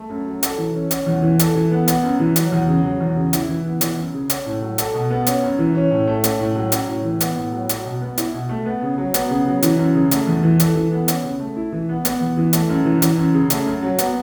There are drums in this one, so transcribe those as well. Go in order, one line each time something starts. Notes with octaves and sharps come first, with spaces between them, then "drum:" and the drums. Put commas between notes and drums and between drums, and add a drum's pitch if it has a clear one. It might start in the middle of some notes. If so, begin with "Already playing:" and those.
Already playing: A3
F#2
F#3
A4, drum: hi-hat
E3
C#4
C#4, drum: hi-hat
E2
E3
A4, drum: hi-hat
E3
B3
B3, drum: hi-hat
F#2
E3
F#3, drum: hi-hat
E2
C#3
F#3
E2
C#3
E4, drum: hi-hat
E3
B3
E3, drum: hi-hat
F#2
C#3
C#4, drum: hi-hat
A2
F#3
A4, drum: hi-hat
B2
B3
C#4, drum: hi-hat
F#2
E3
C#4
A2
A3
C#4, drum: hi-hat
A2
F#3
C#4, drum: hi-hat
A2
E3
B3, drum: hi-hat
A2
F#3
F#4, drum: hi-hat
B2
B3
E4, drum: hi-hat
B2
A3
B3
C#3
F#3
B3, drum: hi-hat
C#3
F#3
E3, drum: hi-hat
F#2
C#3
A3, drum: hi-hat
E2
E3
A4, drum: hi-hat
E3
B3
C#4, drum: hi-hat
C#3
A3
E4
E3
B3
B3, drum: hi-hat
E2
E3
A3, drum: hi-hat
F#2
E3
E3, drum: hi-hat
F#2
C#3
A3, drum: hi-hat
F#2
F#3
B3, drum: hi-hat